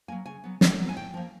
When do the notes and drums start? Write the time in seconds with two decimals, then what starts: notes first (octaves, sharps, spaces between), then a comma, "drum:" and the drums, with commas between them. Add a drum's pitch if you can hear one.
0.08 F#3 A#3 G#5
0.26 C#3 G#5
0.44 F#3 B3
0.61 C#3, drum: snare
0.79 F#3 B3
0.89 G#5
0.96 A2 G5
1.14 F3 A#3